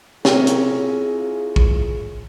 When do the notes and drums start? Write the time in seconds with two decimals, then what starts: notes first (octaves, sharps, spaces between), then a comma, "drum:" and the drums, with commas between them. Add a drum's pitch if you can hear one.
0.25 C3 C#4 E4 F4 G#4 A#4, drum: snare
0.47 drum: hi-hat
1.56 drum: kick